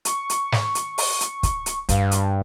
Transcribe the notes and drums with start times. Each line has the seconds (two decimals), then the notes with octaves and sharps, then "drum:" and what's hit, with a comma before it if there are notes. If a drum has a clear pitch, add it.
0.05 C#6, drum: hi-hat
0.30 drum: hi-hat
0.52 drum: snare
0.75 drum: hi-hat
0.98 drum: open hi-hat
1.20 drum: hi-hat
1.43 drum: kick, hi-hat
1.66 drum: hi-hat
1.89 G2 F5, drum: kick, hi-hat
2.11 drum: hi-hat